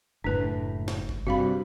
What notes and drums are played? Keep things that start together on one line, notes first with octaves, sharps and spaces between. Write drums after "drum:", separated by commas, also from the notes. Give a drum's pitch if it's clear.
F#1 A2 D4 B4
drum: snare
drum: kick F#1
G2 C3 F#4 F5 B5